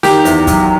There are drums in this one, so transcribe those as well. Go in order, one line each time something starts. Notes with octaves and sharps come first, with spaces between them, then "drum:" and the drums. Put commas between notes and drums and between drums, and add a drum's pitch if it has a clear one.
D#3 G4, drum: snare
E2, drum: hi-hat
F#3, drum: kick, hi-hat